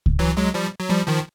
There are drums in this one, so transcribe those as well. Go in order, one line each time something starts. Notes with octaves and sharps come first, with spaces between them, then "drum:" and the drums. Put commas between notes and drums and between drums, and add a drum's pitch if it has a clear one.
drum: kick C#2
E3 F#3
F#3 G#3
F3 G3
F#3
F3 G3
D#3 F3